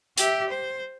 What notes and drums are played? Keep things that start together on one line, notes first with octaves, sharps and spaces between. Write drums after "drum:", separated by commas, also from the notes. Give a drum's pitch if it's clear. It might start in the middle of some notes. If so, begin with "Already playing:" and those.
G4 E5, drum: hi-hat
C5